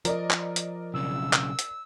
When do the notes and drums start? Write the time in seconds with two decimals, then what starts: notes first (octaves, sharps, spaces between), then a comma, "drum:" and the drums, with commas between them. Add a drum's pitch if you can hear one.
0.05 F3 A#4 D5 D#5, drum: hi-hat
0.31 drum: clap
0.56 drum: hi-hat
0.94 B1 C#3 E6
1.33 drum: clap
1.59 drum: hi-hat